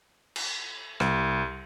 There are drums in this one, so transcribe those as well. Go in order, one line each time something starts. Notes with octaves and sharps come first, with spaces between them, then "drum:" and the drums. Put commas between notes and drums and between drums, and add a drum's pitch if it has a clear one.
drum: cymbal
C2, drum: rim click